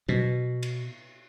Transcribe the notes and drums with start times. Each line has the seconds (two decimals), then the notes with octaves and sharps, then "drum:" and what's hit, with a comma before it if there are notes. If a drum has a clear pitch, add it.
0.09 B2, drum: tom F#3
0.63 drum: cymbal